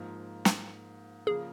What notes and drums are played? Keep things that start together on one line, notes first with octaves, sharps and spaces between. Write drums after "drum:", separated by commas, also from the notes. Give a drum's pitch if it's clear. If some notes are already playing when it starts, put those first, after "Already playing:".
Already playing: G#2 F3 A#3
drum: snare
C#3 F3 A#3 G#4